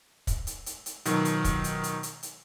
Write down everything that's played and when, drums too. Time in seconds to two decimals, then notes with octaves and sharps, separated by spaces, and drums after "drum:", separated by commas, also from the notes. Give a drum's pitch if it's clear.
0.27 drum: kick, hi-hat
0.47 drum: hi-hat
0.66 drum: hi-hat
0.86 drum: hi-hat
1.05 B2 D#3 F3 F#3, drum: hi-hat
1.25 drum: hi-hat
1.44 drum: kick, hi-hat
1.64 drum: hi-hat
1.84 drum: hi-hat
2.03 drum: hi-hat
2.23 drum: hi-hat